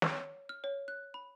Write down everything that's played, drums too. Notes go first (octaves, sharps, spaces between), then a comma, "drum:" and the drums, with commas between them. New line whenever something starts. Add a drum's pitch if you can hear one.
drum: snare
C#5
F6
C#5
F#6
B5